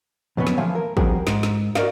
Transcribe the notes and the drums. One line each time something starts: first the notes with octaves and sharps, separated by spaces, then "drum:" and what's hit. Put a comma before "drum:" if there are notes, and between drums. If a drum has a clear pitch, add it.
F2 B2 F#3 B3 C#4
drum: snare
E3 F3 A3 F5 G#5
A#4
F3 G3 C4 F#4 G#4 A#4, drum: kick
G#2, drum: snare
drum: snare
F#4 A#4 D5 D#5 F5, drum: snare